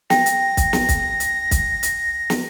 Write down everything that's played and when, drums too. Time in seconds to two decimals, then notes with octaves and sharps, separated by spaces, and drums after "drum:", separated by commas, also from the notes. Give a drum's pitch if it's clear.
0.10 G5 A#6, drum: snare
0.26 drum: hi-hat
0.57 drum: kick B1, hi-hat
0.73 drum: snare
0.89 drum: kick B1, hi-hat
1.20 drum: hi-hat
1.51 drum: kick B1, hi-hat
1.83 drum: hi-hat
2.30 drum: snare